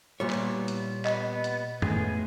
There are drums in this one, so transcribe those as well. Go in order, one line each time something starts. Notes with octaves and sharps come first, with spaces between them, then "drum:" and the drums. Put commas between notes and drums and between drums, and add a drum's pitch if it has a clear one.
A#2 G3 B3 E4 C#5
drum: clap
drum: hi-hat
B3 D#5, drum: clap
drum: hi-hat
A2 G#3 B3 G#4, drum: tom F2